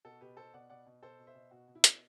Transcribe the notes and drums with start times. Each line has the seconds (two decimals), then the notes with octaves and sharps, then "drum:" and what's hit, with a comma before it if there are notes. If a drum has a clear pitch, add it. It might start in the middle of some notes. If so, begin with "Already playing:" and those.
0.05 B2 F#4 A4
0.21 B2 G4 B4
0.37 B2 A4 C5
0.53 B2 D5 F#5
0.70 B2 D5 F#5
0.86 B2
1.03 B2 A4 C5
1.19 B2
1.27 C5 E5
1.35 B2
1.51 B2 F#4
1.68 B2
1.75 E4
1.84 B2, drum: hi-hat